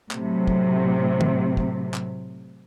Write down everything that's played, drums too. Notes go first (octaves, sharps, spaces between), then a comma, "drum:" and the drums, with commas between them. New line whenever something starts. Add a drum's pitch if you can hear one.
A2 C3 F#3, drum: clap
drum: kick
drum: tom D#3
drum: kick
drum: clap